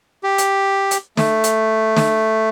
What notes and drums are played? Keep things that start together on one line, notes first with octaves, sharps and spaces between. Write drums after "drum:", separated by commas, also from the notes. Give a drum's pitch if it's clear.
G4
drum: hi-hat
drum: hi-hat
A3, drum: snare
drum: hi-hat
drum: snare